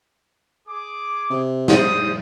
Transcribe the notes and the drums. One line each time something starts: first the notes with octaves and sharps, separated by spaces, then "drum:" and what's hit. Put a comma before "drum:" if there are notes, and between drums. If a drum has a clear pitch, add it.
G#4 D6
C3
C5 D#6, drum: snare